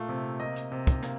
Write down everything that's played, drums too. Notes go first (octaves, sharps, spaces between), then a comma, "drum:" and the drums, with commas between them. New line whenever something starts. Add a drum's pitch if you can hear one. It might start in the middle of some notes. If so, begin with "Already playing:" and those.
Already playing: A#2 A3 F5
C3
A#3 D#5
drum: hi-hat
C3
drum: kick, hi-hat
A#3, drum: snare